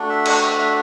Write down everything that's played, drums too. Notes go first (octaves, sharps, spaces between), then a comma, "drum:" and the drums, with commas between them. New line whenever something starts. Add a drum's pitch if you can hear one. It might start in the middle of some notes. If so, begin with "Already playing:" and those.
Already playing: A3 D4 F#4
E5
F#5, drum: cymbal
E5
E5